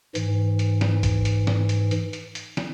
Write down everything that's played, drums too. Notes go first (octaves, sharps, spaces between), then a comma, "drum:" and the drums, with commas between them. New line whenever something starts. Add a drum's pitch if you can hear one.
G#2 E3, drum: hi-hat
drum: hi-hat
drum: snare
drum: kick G1, hi-hat
drum: hi-hat
drum: snare
drum: hi-hat
drum: hi-hat
drum: hi-hat
drum: hi-hat
drum: snare